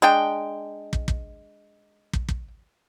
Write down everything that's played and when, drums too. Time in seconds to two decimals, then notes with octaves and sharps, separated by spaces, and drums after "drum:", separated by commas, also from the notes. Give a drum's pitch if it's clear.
0.02 G#3 D4 G5
0.93 drum: kick
1.08 drum: kick
2.13 drum: kick
2.29 drum: kick